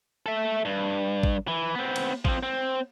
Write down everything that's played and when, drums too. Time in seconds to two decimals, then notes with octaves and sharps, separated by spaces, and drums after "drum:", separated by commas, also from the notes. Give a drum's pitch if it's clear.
0.26 A4 E5
0.65 G2
1.23 drum: kick
1.48 E3
1.75 B3 C4
1.96 drum: cymbal
2.25 F3 C4, drum: kick
2.43 C4